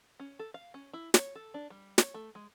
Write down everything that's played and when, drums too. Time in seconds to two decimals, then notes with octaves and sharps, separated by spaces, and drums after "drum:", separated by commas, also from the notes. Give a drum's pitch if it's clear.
0.20 C#4
0.39 A4
0.54 F5
0.74 C#4
0.93 E4
1.14 C#5, drum: snare
1.35 A4
1.54 D4
1.70 G3
1.98 C#5, drum: snare
2.14 A3
2.35 G#3